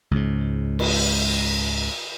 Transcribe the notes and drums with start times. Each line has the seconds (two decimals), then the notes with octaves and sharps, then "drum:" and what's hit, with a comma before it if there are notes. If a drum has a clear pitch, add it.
0.11 C#2 G#2
0.79 drum: cymbal